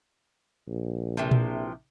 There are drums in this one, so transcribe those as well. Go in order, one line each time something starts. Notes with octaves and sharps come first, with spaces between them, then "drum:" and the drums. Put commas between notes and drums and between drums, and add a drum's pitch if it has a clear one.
A#1
C3 E3 F3
drum: tom A#2